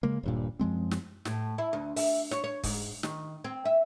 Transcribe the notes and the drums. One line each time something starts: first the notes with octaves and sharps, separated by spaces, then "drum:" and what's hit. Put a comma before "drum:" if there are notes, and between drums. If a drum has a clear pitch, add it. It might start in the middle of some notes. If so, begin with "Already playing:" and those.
C#3 G#3 A#3
D#1 G2 A#2
F#2 F3 G#3 C4
drum: snare
A2, drum: snare
E4
D2
E5, drum: open hi-hat
C#5, drum: snare
C#5
G#2, drum: kick, open hi-hat
D#3, drum: snare
C4
E5